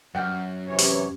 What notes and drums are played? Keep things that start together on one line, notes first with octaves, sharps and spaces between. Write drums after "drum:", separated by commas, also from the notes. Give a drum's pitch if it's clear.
F#2 F#3 F#5 G5 F6
C3 E3 C#5
C#4 G4, drum: open hi-hat